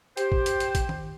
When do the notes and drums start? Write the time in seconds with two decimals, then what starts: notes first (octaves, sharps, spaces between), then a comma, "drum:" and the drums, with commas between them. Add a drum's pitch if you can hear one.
0.17 G4 C5, drum: hi-hat
0.32 drum: kick
0.46 drum: hi-hat
0.60 drum: hi-hat
0.75 drum: kick, hi-hat
0.89 drum: tom D#3